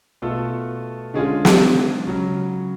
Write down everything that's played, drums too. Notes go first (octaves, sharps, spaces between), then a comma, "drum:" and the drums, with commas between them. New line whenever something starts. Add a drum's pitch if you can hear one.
B2 A3 F4 A4
D3 G#3 C#4 F4 G#4
drum: snare
C#3 F#3 C#4